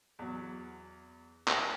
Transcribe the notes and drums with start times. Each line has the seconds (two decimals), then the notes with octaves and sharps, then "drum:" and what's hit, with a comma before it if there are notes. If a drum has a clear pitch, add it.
0.19 E2 F#3
1.48 drum: clap